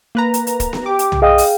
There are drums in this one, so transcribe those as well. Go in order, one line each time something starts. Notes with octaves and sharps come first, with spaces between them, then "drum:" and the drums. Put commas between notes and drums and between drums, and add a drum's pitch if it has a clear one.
A#3 B4 A#5
drum: hi-hat
drum: hi-hat
drum: kick, hi-hat
drum: snare B3
G4 D6
drum: hi-hat
drum: tom
G#4 D#5 F5 G5
drum: open hi-hat